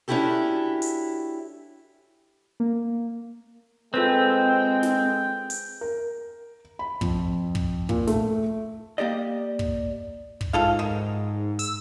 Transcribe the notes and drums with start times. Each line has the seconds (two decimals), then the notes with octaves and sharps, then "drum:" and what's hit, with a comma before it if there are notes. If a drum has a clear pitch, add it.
0.08 C#4 D4 E4 F#4 G4 A4
0.82 drum: hi-hat
2.60 A#3
3.94 G#3 C4 F4 A4 B4 G5
4.83 drum: snare
5.50 drum: hi-hat
5.81 A#4
6.79 B5
7.01 F2, drum: kick
7.55 drum: kick
7.89 A#2, drum: kick
8.07 A3, drum: snare
8.98 A#3 G4 D5 D#5
9.59 drum: kick
10.41 drum: kick
10.53 G#2 F4 A4 F5
10.79 D#3
11.59 E6, drum: hi-hat